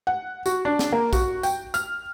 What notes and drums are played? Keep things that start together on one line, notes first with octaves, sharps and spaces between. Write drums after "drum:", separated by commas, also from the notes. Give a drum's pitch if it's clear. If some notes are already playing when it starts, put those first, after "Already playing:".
F#5
F#4, drum: tambourine
D4
drum: snare
A#3
F#4, drum: kick A#1, tambourine
G5, drum: tambourine
F6, drum: tambourine